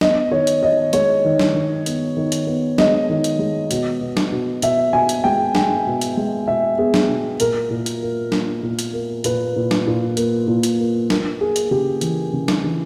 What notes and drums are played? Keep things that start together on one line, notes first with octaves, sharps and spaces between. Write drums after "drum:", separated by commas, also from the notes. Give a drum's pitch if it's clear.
B3 D#5, drum: snare
D#3 C#5
drum: hi-hat
D#3 D#5
G#3 C#5, drum: hi-hat
D#3
drum: snare
D#3
B3, drum: hi-hat
D#3
drum: hi-hat
B3
G#3 D#5, drum: snare
D#3
drum: hi-hat
G#3
B2, drum: hi-hat
B2
drum: snare
B2
B2 E5, drum: hi-hat
B2 G#5
drum: hi-hat
G#3 G5
G#3 G5, drum: snare
B2
drum: hi-hat
G#3
B2 E5
B3 G#4
drum: snare
B2
A#2 A#4, drum: hi-hat
A#2
drum: hi-hat
A#3
A#3, drum: snare
A#2
drum: hi-hat
A#3
A#2 B4, drum: hi-hat
A#2
drum: snare
A#2
A#3, drum: hi-hat
A#2
drum: hi-hat
A#3
A#3, drum: snare
A#3 G#4
drum: hi-hat
C#3 G4
E3, drum: hi-hat
C#3
drum: snare
E3